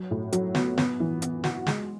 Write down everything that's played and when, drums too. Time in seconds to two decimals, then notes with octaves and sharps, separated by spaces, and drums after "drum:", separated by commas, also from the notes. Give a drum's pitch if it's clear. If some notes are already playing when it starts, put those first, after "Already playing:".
Already playing: F#3
0.11 A2
0.32 F#3, drum: hi-hat
0.55 B3, drum: snare
0.78 B3, drum: snare
1.00 E3
1.22 B3, drum: hi-hat
1.44 F#4, drum: snare
1.67 G#3, drum: snare